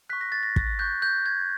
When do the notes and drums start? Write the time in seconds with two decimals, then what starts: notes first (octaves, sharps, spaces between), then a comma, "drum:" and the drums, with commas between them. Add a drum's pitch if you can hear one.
0.10 C#6 F#6 B6
0.21 A#6
0.32 A6
0.43 A#6
0.56 drum: kick
0.79 C#6 F#6 G6
1.02 G6
1.26 G#6